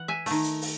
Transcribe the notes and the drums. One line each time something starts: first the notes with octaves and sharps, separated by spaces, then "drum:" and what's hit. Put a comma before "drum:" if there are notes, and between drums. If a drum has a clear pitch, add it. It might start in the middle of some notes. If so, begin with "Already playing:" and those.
Already playing: E3 F#5
E5 G#5
D#3 A3, drum: open hi-hat
drum: hi-hat
drum: open hi-hat